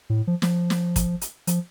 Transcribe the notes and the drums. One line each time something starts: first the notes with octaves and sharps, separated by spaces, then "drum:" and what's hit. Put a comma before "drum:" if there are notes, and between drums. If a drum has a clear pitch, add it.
A2
F3
F3, drum: snare
drum: snare
drum: kick, hi-hat
drum: hi-hat
F3, drum: hi-hat